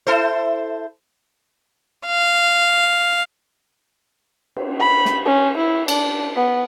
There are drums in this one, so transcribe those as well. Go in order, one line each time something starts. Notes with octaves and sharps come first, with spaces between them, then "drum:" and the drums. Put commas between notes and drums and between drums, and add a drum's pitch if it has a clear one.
E4 A4 C5
F5
drum: cymbal
B5
drum: snare
C#4
E4
D4, drum: cymbal
B3